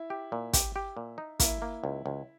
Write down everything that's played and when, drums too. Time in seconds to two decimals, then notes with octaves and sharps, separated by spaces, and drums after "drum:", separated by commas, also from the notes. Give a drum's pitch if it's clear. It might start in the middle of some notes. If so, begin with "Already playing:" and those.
Already playing: E4
0.10 G4
0.32 A#2
0.53 G4, drum: kick, hi-hat
0.76 G4
0.97 A#2
1.18 D#4
1.40 A#3 E4, drum: kick, hi-hat
1.62 A#3
1.84 C#2
2.06 C#2